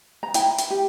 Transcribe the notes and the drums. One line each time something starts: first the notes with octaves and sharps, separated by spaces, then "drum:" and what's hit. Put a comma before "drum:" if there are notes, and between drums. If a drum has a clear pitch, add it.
A#5
E4 G5, drum: hi-hat
drum: hi-hat
G4